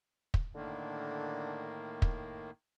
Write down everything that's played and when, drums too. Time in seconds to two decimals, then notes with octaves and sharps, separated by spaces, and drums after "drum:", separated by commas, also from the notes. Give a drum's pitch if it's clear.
0.34 drum: kick
0.55 A2 D3 D#3 A#3
2.02 drum: kick